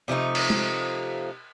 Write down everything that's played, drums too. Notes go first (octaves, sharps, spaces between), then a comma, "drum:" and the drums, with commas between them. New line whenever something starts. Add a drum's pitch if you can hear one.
C3 F3 A3 D#4
drum: cymbal
drum: tom